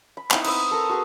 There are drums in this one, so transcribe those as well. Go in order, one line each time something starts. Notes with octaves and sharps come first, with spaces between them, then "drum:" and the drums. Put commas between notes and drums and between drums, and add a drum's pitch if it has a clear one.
B5
B3 D#4 E4, drum: clap
C4 B5 D#6 E6, drum: cymbal
A4 A#4
F#4 G#4 B4